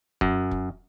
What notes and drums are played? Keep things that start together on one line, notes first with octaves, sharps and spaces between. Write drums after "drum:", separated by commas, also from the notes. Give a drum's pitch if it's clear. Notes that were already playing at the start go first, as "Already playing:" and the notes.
F#2, drum: kick
drum: kick